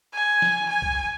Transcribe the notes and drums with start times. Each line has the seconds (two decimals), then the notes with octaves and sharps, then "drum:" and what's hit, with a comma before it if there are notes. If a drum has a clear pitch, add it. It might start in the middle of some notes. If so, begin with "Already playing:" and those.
0.14 G#5
0.42 drum: snare
0.69 G#5
0.82 drum: kick C2